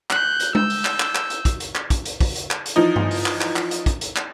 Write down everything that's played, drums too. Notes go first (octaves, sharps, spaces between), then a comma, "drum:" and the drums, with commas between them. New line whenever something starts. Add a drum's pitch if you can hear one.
F#6 G6, drum: clap
drum: hi-hat
E6 G6, drum: tom G#3
drum: open hi-hat
drum: clap
drum: clap
drum: clap
drum: hi-hat
drum: kick, hi-hat
drum: hi-hat
drum: clap
drum: kick, hi-hat
drum: hi-hat
drum: kick, open hi-hat
drum: hi-hat
drum: clap
drum: hi-hat
E3 F3 D#4
drum: tom G2
drum: open hi-hat
drum: clap
drum: clap
drum: clap
drum: hi-hat
drum: kick, hi-hat
drum: hi-hat
drum: clap